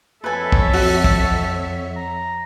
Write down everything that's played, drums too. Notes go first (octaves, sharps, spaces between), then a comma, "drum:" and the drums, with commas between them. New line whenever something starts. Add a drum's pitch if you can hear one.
F2 A4 B4 C#5 E5 G#5
drum: kick
F#4, drum: open hi-hat
drum: kick
A#5